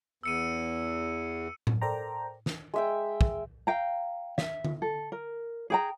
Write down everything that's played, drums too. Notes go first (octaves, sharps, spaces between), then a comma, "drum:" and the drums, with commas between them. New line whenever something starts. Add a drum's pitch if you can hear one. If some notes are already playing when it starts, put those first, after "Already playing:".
E2 E6 C#7 D#7
drum: tom A2
A4 A#4 C5 D5 G5 A#5
drum: snare
G#3 E5 G5
drum: kick
F5 G5 A#5
E5, drum: snare
drum: tom D3
A4
A#4
G#4 G5 A#5